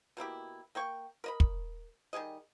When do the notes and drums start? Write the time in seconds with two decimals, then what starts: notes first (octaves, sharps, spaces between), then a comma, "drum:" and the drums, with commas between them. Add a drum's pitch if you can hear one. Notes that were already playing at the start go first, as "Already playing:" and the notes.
0.17 B2 A#3 E4 G4
0.75 A#3 G5 C#6
1.24 A#4 D#5 B5
1.40 drum: kick
2.13 D#3 G3 G#4 D#5